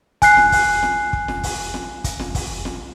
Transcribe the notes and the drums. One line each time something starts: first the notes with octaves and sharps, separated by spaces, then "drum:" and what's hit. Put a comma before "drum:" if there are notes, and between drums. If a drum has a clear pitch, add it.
G#5 F#6 C7, drum: kick, hi-hat
drum: snare
drum: kick, open hi-hat
drum: snare
drum: kick
drum: snare
drum: kick, open hi-hat
drum: snare
drum: kick, hi-hat
drum: snare
drum: kick, open hi-hat
drum: snare